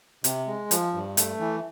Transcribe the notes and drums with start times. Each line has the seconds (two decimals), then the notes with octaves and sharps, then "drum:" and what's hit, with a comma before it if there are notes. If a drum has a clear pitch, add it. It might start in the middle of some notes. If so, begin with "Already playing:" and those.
0.24 C3, drum: hi-hat
0.47 G#3
0.71 F3, drum: hi-hat
0.94 G2
1.17 A3, drum: hi-hat
1.40 E3